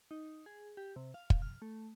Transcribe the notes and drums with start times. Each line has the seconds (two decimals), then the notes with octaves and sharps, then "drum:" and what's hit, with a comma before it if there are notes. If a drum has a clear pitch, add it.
0.11 D#4
0.46 G#4
0.77 G4
0.96 C3
1.14 F5
1.30 drum: kick
1.42 F6
1.62 A3